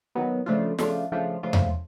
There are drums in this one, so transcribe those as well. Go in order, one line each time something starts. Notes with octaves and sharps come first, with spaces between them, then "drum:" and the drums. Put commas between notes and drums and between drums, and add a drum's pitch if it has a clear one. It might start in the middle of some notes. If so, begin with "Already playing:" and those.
D#3 F#3 B3
C#3 F3 A3 D4 F4
C#3 F3 A3 D4 F4, drum: snare
C#3 F3 A3 D4 F4
C#3 F3 A3 D4 F4
drum: tom E2